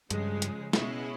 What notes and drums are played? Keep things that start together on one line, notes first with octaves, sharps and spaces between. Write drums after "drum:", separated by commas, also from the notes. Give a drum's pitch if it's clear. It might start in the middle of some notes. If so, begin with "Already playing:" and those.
G2 C#3 F3 G#3, drum: hi-hat
drum: hi-hat
B2 G#3 C#4 E4, drum: snare